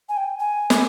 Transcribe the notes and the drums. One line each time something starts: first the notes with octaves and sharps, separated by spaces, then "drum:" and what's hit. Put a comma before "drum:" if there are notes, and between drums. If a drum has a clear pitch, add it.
G#5
G5
G#5
drum: snare